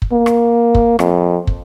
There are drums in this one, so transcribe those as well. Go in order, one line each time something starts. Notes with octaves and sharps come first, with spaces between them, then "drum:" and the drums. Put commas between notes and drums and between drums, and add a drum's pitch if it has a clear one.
drum: kick
A#3
drum: rim click
drum: kick
F2, drum: rim click
drum: kick